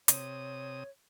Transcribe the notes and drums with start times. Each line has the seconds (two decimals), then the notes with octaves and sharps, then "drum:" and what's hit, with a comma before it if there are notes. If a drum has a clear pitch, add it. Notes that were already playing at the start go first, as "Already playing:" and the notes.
0.08 C3 C#5 D#6, drum: hi-hat